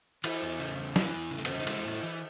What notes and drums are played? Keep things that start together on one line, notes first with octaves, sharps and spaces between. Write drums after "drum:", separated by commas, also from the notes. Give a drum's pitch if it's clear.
E3 E4, drum: cymbal
E2
C#3
E2
E3, drum: snare
E2
C#3
A3
B3, drum: cymbal
E2 C#4
D#4
G#3 E4, drum: cymbal
A2
E3